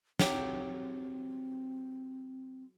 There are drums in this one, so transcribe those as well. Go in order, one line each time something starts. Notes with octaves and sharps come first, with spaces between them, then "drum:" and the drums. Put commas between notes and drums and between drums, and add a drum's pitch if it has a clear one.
F#3 C4 G4, drum: snare